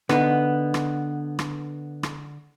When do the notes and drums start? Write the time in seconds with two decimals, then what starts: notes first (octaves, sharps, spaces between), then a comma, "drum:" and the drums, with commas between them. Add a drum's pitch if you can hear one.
0.09 D3 B3 D#4 B4, drum: rim click
0.74 drum: rim click
1.39 drum: rim click
2.03 drum: rim click